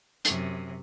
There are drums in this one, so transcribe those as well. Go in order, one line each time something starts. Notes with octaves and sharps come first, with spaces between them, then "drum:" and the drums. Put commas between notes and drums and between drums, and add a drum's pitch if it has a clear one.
F#2 C3, drum: hi-hat